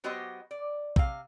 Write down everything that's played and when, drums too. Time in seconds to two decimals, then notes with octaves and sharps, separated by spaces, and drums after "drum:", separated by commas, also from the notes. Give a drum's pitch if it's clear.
0.04 F#3 B3 F#4 G4 C5 D#5
0.51 D5
0.96 C3 F5, drum: kick